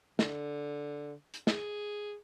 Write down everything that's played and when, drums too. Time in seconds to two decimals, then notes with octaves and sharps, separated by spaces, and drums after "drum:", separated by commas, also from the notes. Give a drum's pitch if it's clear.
0.19 D3, drum: snare
1.34 drum: hi-hat
1.47 G#4, drum: snare